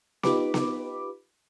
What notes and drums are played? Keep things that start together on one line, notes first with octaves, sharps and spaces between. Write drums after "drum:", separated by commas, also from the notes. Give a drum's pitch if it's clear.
D#4 F4 G4 B4 B5 D6, drum: snare B3
drum: snare B3